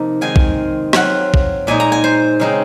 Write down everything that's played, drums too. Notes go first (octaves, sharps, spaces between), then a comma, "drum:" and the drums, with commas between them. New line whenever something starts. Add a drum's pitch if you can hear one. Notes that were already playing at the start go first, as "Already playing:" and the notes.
Already playing: C3 F3 A#3 D#4
D#3 G#3 C4 F4 G#5
drum: kick
F#3 C4 F4 F#5, drum: rim click
drum: kick
A#2 G#3 D#4 G#5
A#5
G#5
C5
C#3 G#3 C4 D#4